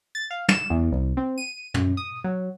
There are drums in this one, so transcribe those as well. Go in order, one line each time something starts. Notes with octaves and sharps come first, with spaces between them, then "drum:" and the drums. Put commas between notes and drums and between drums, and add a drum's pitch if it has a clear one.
A6
F5
E7, drum: tom
E2
C2
C4
D#7
F#2, drum: tom
D#6
F#3